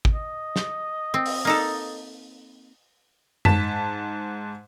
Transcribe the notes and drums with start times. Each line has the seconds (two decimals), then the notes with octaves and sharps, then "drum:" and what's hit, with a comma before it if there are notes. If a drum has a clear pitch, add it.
0.05 drum: kick
0.14 D#5
0.56 drum: snare
1.14 C4
1.26 drum: open hi-hat
1.45 A#3 D#4 A4
3.45 G#2 A5 B6 E7, drum: tom F#2